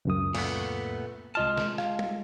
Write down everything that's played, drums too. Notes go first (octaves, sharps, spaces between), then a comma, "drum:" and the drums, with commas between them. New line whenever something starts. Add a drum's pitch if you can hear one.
C#2 F#2 D#6
A#2 A3 B3, drum: cymbal
C2 G#3 F4 D#5 A5 F6
drum: snare
F5, drum: rim click
drum: tom